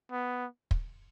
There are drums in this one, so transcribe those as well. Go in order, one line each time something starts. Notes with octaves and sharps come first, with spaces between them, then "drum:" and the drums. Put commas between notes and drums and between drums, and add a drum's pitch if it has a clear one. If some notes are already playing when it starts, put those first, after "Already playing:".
B3
drum: kick